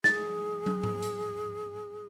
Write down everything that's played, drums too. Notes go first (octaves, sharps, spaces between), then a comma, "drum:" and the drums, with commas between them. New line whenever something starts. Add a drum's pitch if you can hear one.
G#4 A6, drum: snare
drum: tom
drum: tom G#2
drum: hi-hat